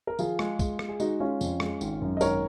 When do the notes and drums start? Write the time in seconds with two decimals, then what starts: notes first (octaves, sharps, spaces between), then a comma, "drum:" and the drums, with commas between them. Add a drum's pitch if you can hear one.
0.07 A#4
0.19 F3 F4 G#4, drum: tambourine
0.39 G#3, drum: rim click
0.59 G#3, drum: kick, tambourine
0.79 G#3, drum: rim click
0.89 G#4
1.00 G#3 D#4 F#4, drum: tambourine
1.20 G#3 C#4 F4
1.41 F2, drum: tambourine
1.60 G#3, drum: rim click
1.81 G#1, drum: tambourine
2.01 F#2
2.17 D#5
2.21 G#1 A#4 C#5, drum: tambourine